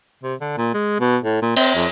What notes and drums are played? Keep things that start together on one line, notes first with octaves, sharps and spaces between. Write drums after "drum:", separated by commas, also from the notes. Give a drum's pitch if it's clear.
C3
D3
A#2
G#3
B2
A2
A#2
C4, drum: cymbal
F2